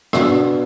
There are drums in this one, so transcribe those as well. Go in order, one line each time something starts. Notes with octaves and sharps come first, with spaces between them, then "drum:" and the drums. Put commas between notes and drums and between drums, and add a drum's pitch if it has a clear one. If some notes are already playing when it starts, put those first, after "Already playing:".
B2 B3 D4 E6, drum: rim click